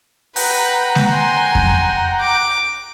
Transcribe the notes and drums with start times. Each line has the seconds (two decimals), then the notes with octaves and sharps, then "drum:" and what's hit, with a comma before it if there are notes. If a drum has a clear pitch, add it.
0.36 B4 F#5 G5 A#5, drum: open hi-hat
0.95 drum: snare G#3
1.11 G#5 C6
1.55 drum: kick F2
2.20 D6